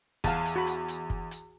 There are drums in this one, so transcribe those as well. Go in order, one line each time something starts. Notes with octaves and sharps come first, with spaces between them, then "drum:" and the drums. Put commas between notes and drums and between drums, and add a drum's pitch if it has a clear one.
E2 F5 F#5 A5, drum: kick, hi-hat
drum: hi-hat
F#4 B5
drum: hi-hat
drum: hi-hat
drum: kick
drum: hi-hat